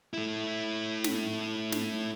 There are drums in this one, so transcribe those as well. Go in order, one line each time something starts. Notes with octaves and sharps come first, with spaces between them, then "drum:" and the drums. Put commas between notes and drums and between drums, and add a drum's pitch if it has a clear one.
A3 E4
drum: snare
drum: snare